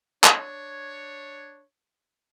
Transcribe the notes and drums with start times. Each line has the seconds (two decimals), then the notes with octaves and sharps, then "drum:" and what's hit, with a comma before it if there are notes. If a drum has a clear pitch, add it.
0.24 D4 C#5, drum: clap